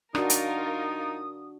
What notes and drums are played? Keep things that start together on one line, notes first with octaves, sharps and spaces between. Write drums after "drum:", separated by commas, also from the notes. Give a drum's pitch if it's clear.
D4 D#4 F4 F#4 A#4 D#6, drum: rim click
drum: hi-hat